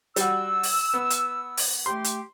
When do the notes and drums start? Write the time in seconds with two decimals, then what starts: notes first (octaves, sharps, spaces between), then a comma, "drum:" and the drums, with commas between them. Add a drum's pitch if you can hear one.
0.16 G3 F#4 E6, drum: hi-hat
0.63 drum: open hi-hat
0.94 B3
1.10 drum: hi-hat
1.57 drum: open hi-hat
1.86 A3 G4 C6
2.04 drum: hi-hat